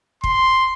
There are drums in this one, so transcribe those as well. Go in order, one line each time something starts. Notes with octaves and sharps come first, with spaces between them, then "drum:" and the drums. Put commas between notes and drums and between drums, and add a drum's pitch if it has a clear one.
C6, drum: kick